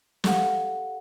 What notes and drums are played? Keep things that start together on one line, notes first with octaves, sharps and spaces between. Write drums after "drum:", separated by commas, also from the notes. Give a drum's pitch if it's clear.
G4 A4 F5 F#5, drum: snare